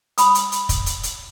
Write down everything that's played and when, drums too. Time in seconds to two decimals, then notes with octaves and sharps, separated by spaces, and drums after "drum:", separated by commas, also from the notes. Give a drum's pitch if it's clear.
0.18 B5 D#6, drum: hi-hat
0.35 drum: hi-hat
0.52 drum: hi-hat
0.69 drum: kick, hi-hat
0.86 drum: hi-hat
1.03 drum: hi-hat